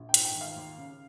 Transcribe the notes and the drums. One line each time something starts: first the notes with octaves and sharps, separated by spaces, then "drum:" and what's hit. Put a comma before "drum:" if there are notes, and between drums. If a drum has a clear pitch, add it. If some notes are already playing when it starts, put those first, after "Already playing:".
Already playing: A#1
G5
G#2, drum: hi-hat
G5
D#3
F5
D#2
C#3